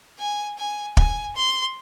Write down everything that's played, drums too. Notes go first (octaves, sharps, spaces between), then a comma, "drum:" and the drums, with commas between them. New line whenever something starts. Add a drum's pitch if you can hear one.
G#5
G#5
G#5, drum: kick
C6